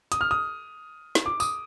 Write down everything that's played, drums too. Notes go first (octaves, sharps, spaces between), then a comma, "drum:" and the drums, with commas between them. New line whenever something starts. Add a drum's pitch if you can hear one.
D#6, drum: hi-hat
F6
D#6
drum: snare
D6
D#6, drum: tambourine